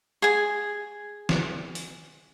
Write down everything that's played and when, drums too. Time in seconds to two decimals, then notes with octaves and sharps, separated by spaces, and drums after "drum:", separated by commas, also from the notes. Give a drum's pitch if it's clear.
0.22 G#4 G#5
1.29 drum: snare
1.75 drum: open hi-hat